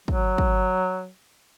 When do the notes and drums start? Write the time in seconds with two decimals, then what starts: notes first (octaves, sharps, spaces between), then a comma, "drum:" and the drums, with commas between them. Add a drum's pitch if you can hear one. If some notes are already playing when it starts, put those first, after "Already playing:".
0.08 F#3, drum: kick
0.38 drum: kick